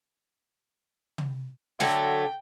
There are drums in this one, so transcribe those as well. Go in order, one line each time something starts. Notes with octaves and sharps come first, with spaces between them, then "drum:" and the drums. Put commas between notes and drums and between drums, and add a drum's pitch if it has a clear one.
drum: tom
D3 F#3 A3 G5, drum: snare